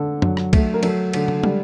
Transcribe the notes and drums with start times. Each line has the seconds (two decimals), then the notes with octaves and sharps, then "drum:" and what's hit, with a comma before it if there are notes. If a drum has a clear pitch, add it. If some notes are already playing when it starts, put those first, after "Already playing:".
Already playing: D3 A4
0.22 F#3, drum: tom F#2
0.37 drum: rim click
0.53 A3, drum: kick C2, cymbal
0.74 A#4
0.83 F#3 A4, drum: cymbal
1.13 D3, drum: cymbal
1.28 drum: tom
1.44 G3, drum: tom